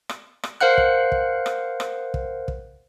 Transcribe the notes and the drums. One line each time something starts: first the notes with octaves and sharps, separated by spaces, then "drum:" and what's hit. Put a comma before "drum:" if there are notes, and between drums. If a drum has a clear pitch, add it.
drum: rim click
drum: rim click
A#4 C5 F5 F#5 F#6
drum: kick
drum: kick
drum: rim click
drum: rim click
drum: kick
drum: kick